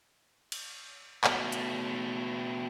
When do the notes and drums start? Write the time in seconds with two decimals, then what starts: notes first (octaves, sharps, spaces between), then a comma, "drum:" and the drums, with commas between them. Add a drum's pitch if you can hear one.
0.52 drum: cymbal
1.24 B2 A3, drum: clap
1.52 drum: hi-hat